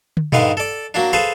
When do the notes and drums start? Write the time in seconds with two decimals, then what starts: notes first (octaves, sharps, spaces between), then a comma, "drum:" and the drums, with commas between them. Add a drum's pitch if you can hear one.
0.17 drum: tom
0.32 G2 D3 D#3 B4 F5, drum: tom A#2
0.57 A4 D5
0.94 F#3 A#3 D4
1.13 G#4 A4 B4 C5 F5